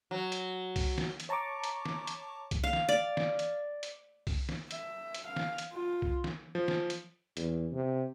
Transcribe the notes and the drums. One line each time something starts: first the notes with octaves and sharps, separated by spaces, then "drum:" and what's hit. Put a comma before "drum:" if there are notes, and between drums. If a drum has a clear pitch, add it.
F#3
drum: hi-hat
drum: kick C2, open hi-hat
drum: snare
drum: hi-hat
C#5 A5 A#5 C#6 D6
drum: hi-hat
drum: snare
drum: hi-hat
drum: kick C2, hi-hat
F5
drum: snare
D5
drum: snare
drum: hi-hat
drum: hi-hat
drum: kick C2, open hi-hat
drum: snare
E5, drum: hi-hat
drum: hi-hat
F5
drum: snare
drum: hi-hat
F4
drum: kick C2
drum: snare
F3
drum: snare
drum: hi-hat
E2, drum: hi-hat
C3